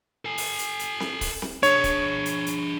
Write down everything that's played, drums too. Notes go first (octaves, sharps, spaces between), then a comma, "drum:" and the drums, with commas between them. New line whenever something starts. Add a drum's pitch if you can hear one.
A4 G#5
drum: open hi-hat
drum: hi-hat
drum: hi-hat
drum: snare C4
drum: kick C#1, open hi-hat
drum: snare C4
D4 G#4 C#5, drum: hi-hat
drum: kick C#1, hi-hat
drum: hi-hat
drum: hi-hat